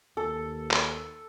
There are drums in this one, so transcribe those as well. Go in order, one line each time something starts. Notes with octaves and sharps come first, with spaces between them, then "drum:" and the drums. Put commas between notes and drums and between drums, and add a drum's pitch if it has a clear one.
D#2 A4
drum: clap